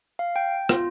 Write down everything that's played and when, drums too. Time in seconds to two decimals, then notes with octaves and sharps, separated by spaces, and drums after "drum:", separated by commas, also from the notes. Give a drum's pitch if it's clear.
0.19 F5
0.36 G5
0.69 F4, drum: rim click